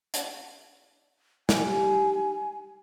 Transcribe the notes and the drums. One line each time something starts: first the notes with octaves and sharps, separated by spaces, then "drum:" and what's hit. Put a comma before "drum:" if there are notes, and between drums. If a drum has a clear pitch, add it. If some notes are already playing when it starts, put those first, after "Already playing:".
drum: hi-hat
G3 D#4 G4 G#5, drum: snare